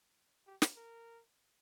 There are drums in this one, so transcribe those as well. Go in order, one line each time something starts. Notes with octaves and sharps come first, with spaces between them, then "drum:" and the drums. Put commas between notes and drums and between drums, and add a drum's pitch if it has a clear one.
G4
drum: snare
A#4